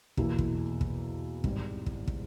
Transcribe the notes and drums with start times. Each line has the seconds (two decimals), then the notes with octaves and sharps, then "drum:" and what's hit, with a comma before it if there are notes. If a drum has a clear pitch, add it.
0.17 E2 B2 A#3 E4, drum: kick
0.38 drum: kick
0.81 drum: kick
1.44 G#1 G#2 G3, drum: kick
1.86 drum: kick
2.08 drum: kick